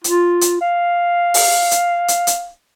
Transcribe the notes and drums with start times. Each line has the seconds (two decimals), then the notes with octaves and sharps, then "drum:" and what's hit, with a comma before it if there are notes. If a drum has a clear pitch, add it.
0.04 F4, drum: hi-hat
0.41 drum: hi-hat
0.61 F5
1.34 drum: open hi-hat
1.71 drum: hi-hat
2.08 drum: hi-hat
2.27 drum: hi-hat